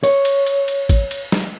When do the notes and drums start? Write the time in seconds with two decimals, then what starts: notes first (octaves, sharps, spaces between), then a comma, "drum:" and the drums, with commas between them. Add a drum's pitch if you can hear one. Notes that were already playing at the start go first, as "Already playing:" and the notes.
0.03 C#5, drum: cymbal
0.25 drum: cymbal
0.46 drum: cymbal
0.68 drum: cymbal
0.89 drum: kick, cymbal
1.11 drum: cymbal
1.32 drum: snare